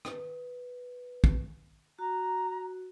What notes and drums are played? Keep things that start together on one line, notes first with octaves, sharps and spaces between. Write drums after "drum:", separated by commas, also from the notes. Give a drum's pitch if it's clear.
B4, drum: rim click
drum: kick
F#4 A#5